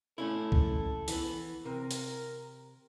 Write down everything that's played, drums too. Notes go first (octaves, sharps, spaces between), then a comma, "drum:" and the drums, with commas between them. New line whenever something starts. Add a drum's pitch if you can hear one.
A3 C#4 E4 A4
drum: kick C2
E3 B3, drum: hi-hat
C3 A#4
drum: hi-hat